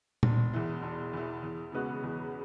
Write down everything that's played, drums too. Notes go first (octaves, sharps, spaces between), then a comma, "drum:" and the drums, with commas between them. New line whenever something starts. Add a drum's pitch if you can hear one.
E1, drum: tom A#2
E2 E3
E1
E2 E3
E2
C#3 G#3 B3 F#4
E2